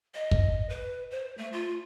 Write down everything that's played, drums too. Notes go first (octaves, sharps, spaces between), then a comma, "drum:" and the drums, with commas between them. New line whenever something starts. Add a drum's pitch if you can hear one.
D#5
drum: kick
B4
C5
A3
F4